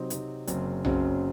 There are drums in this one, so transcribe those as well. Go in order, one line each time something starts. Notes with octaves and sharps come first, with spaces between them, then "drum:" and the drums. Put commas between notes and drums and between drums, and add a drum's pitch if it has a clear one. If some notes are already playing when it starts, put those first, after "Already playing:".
Already playing: C3 F#3 C4 D#4
C3 F#3 C4 D#4, drum: hi-hat
F#1 F#2 C#3 F#3 C4, drum: hi-hat
F#1 F#2 C#3 F#3 C4, drum: tom B1